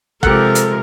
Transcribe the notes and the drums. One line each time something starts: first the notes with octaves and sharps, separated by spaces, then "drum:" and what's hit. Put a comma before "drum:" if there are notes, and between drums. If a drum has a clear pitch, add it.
C3 F3 G#3 G4 A4 A#4 F#5, drum: kick
drum: hi-hat